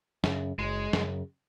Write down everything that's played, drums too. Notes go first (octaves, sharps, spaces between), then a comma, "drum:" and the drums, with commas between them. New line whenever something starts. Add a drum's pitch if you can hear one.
F#2 C#3, drum: snare
F#1 G#3
F#2 C#3, drum: snare